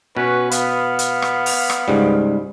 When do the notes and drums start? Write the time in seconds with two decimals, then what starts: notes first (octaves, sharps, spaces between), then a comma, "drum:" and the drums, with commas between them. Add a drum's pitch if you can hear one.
0.17 B2 C#4 F#4 B4
0.51 B3 F5 B5, drum: hi-hat
0.99 drum: hi-hat
1.22 drum: rim click
1.46 drum: open hi-hat
1.70 drum: rim click
1.88 C#2 G#2 G3